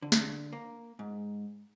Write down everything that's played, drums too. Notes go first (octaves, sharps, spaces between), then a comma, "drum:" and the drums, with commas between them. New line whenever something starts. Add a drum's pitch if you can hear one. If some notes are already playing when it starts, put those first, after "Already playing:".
D3
drum: snare
A#3
G#2